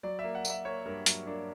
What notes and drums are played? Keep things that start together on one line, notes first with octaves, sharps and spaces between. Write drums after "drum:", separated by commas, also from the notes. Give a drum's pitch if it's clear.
F#3 D5
E5
A#3
F#5
A#3, drum: tambourine
E5
A#3 C#5
G2 A#4
F#3, drum: hi-hat
A#3 D4